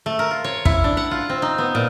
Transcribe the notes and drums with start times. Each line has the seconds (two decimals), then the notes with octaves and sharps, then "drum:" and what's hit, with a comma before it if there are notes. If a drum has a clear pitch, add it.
0.06 A3
0.19 A#4
0.31 F4
0.44 C#5
0.65 E4, drum: kick
0.84 D4
0.97 F#5
1.11 F4
1.29 C4
1.42 D#4
1.58 B3
1.75 A#2